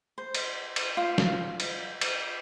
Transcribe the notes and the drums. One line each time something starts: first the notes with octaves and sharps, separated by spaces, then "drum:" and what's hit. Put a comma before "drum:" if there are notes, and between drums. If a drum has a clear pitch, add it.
C5
drum: cymbal
drum: cymbal
F4
drum: snare
drum: cymbal
drum: cymbal